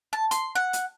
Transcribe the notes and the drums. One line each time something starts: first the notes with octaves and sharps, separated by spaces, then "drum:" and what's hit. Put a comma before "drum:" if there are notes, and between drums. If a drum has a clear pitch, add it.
A5
C6, drum: hi-hat
F#5
drum: hi-hat